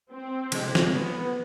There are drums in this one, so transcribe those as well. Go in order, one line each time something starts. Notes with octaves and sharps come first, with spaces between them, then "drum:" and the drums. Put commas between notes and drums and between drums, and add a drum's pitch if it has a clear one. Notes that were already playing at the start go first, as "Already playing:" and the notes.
C4
C3 F3 G#3 D4, drum: cymbal
drum: snare
B3